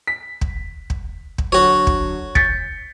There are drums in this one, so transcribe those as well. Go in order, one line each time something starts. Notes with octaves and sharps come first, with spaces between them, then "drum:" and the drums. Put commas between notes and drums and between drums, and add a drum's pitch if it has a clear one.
B6
drum: kick
drum: kick
drum: kick
D3 F#3 F#4 C#5
drum: kick
G6 A6 B6 C#7, drum: kick